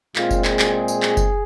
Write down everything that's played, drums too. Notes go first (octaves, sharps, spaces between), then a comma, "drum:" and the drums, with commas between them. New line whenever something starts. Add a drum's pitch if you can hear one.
A#2 G#3 C4 F4, drum: clap
drum: kick F#1, tambourine
G#4, drum: clap
drum: clap
drum: tambourine
drum: clap
drum: kick F#1, tambourine